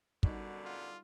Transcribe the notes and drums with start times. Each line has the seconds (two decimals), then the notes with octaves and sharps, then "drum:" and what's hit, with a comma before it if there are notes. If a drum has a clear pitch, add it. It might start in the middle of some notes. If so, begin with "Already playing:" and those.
0.23 F#2 B2 D3 G3 D#4, drum: kick
0.65 F4